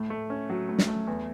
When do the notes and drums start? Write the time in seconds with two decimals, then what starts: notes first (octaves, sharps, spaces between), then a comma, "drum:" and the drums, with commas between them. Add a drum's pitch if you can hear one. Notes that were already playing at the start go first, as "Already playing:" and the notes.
Already playing: A2 A3
0.10 A3
0.30 C#4
0.50 F#3
0.69 A2
0.79 drum: snare
0.88 A3
1.07 E2